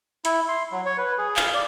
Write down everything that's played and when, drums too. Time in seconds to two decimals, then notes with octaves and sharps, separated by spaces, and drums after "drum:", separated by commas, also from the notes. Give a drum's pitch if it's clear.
0.25 E4, drum: hi-hat
0.48 C6
0.72 F#3
0.86 C#5
0.97 B4
1.18 G#4
1.36 F5, drum: clap
1.54 D5